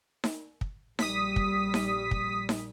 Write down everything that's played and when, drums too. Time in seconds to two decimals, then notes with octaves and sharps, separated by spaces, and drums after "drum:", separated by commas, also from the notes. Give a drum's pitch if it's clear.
0.24 drum: snare D#4
0.61 drum: kick
0.99 A#1 G3 D#6 B6, drum: snare D#4
1.36 drum: kick
1.74 drum: snare D#4
2.11 drum: kick
2.49 drum: snare D#4